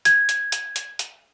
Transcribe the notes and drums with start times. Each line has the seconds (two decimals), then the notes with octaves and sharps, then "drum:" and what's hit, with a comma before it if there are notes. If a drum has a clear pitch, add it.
0.05 G#6, drum: hi-hat
0.29 drum: hi-hat
0.52 drum: hi-hat
0.76 drum: hi-hat
0.99 drum: hi-hat